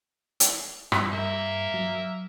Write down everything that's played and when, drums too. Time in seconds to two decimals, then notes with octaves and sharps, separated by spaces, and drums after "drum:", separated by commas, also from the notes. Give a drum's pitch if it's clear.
0.40 drum: hi-hat
0.92 G2, drum: rim click
1.12 A#3 E5
1.74 F#3